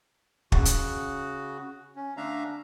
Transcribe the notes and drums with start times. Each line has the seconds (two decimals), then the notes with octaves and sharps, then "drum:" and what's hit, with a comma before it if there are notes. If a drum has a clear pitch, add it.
0.52 C#3 F#4, drum: kick
0.65 drum: hi-hat
1.96 C#4
2.17 D3 A3 D4 E5 F5 A#5